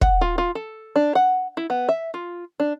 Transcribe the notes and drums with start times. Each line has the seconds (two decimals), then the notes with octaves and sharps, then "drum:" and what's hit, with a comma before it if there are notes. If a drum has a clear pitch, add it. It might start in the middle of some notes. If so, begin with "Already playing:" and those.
0.01 F#5, drum: kick
0.21 F4
0.38 F4
0.55 A4
0.96 D4
1.15 F#5
1.57 E4
1.70 B3
1.89 E5
2.14 F4
2.60 D4